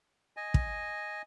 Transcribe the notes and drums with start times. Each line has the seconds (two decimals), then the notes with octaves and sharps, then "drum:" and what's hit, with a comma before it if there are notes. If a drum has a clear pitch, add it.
0.37 D#5 G#5
0.54 drum: kick